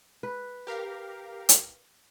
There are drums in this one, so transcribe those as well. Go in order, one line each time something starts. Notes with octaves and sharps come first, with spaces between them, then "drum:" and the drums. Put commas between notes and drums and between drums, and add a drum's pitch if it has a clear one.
B4
G4 A#4 F5
drum: hi-hat